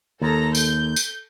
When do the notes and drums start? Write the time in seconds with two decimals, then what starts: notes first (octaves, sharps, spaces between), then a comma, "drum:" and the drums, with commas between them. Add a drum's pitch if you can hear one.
0.22 D#2 A4 A#5
0.55 G6, drum: tambourine
0.96 drum: tambourine